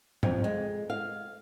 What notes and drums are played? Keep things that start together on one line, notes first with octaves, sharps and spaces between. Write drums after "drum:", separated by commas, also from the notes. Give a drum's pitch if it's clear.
F2, drum: tom
G#3
F5